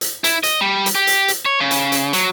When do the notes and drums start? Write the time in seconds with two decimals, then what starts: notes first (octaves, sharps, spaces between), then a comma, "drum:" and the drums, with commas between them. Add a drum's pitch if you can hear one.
0.01 drum: hi-hat
0.24 E4, drum: hi-hat
0.43 D#5, drum: hi-hat
0.61 G3
0.86 drum: hi-hat
0.95 G4
1.07 drum: hi-hat
1.28 drum: hi-hat
1.45 C#5
1.60 C#3
1.71 drum: hi-hat
1.92 drum: hi-hat
2.13 F#3, drum: hi-hat